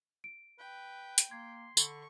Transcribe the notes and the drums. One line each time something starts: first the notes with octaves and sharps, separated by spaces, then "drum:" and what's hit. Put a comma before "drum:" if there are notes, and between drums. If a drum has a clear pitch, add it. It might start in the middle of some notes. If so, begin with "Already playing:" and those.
D7
B4 G5
drum: hi-hat
A#3 C6 G#6
D3 B5 C#6, drum: tambourine